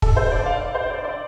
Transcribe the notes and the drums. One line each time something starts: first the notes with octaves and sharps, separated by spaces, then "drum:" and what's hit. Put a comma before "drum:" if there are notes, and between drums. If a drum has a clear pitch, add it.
A4, drum: kick
C5
D5
F5
D5
C5
D5
D5